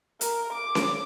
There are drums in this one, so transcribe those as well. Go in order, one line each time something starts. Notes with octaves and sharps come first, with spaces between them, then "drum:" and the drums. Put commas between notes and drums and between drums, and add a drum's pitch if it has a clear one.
A#4, drum: hi-hat
D6
drum: snare C#4